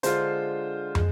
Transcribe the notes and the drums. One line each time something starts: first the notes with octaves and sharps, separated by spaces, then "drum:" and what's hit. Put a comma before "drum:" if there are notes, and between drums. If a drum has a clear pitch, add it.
D3 G#3 D4 F4 C5, drum: hi-hat
G#3, drum: tom